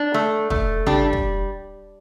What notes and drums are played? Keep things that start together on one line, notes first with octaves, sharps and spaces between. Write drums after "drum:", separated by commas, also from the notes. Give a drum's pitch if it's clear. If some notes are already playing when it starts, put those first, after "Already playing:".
Already playing: D4
A3
A3, drum: kick
G3 D4, drum: tom
drum: kick